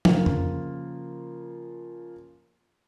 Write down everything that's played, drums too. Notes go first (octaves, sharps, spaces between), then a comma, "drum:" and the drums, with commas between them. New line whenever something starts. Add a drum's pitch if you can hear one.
C#3 F3 A#3 F4, drum: tom
drum: tom